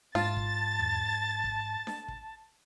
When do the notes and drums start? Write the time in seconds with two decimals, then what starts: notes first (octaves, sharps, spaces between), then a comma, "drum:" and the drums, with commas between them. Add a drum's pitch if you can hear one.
0.15 G#2 F4 A5 A6, drum: snare D4
0.37 drum: kick
0.80 drum: tom E2
1.44 drum: kick
1.87 drum: snare D4
2.08 drum: kick